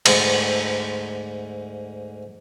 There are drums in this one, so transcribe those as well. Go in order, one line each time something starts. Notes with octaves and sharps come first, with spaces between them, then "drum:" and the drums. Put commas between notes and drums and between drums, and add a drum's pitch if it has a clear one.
D2 G#2, drum: cymbal